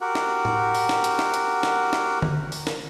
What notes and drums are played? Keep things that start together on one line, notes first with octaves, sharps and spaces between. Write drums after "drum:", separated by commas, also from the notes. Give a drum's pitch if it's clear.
F#4 G4 A#4 F#5
drum: snare
drum: tom A2
drum: open hi-hat
drum: snare
drum: hi-hat
drum: snare
drum: hi-hat
drum: snare
drum: snare
drum: tom D3
drum: open hi-hat
drum: snare